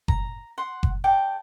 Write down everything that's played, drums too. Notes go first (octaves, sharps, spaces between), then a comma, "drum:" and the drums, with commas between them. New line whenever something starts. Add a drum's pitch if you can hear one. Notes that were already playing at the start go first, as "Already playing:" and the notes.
A#5, drum: kick F#1
F#5 C6
drum: kick F#1
A4 D5 G5